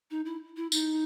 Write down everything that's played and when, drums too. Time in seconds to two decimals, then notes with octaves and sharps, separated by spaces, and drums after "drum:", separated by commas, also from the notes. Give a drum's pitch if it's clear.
0.11 D#4
0.25 E4
0.57 E4
0.72 D#4, drum: tambourine